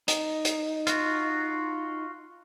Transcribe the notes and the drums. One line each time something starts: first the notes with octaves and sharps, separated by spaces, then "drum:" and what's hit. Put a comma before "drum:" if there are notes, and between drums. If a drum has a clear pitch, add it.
D#4, drum: hi-hat
drum: hi-hat
F4 F#4, drum: hi-hat